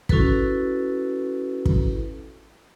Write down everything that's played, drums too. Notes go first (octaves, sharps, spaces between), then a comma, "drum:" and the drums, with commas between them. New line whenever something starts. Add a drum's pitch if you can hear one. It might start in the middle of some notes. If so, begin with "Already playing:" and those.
C#4 E4 F#4 A4 B4, drum: kick
drum: kick